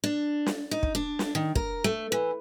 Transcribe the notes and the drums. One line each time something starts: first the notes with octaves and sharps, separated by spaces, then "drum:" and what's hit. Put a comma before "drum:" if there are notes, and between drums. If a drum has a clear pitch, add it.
D4
drum: snare
D#4
drum: kick
D4
drum: snare
D#3
A#4, drum: kick
A3
E3